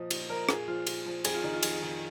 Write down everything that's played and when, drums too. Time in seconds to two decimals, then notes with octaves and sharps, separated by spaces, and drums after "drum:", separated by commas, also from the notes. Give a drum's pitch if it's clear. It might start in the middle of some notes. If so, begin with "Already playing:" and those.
Already playing: A#2 F3 D#5
0.11 A#2, drum: cymbal
0.30 F3 A#4
0.49 A#2 G#4, drum: rim click
0.68 F3 F4
0.87 A#2, drum: cymbal
1.06 F3
1.25 F2 G#4, drum: cymbal
1.34 F4
1.43 D#3 D#4
1.53 F4
1.63 F2 G#4, drum: cymbal
1.82 D#3